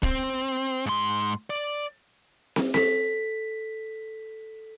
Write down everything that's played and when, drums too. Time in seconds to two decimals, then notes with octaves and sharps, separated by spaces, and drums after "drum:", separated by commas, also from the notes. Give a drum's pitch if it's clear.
0.03 C4, drum: kick
0.86 G#2 C6
1.50 D5
2.56 drum: snare
2.74 A4 B6, drum: snare